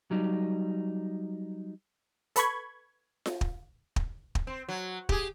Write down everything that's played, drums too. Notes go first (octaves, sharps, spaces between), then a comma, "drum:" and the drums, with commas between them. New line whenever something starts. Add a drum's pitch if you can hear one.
F#3 G3 D#4
A4 B4 B5 C#6 G#6, drum: hi-hat
drum: snare F4
drum: kick
drum: kick
drum: kick
C4
F#3
G4 G#4, drum: kick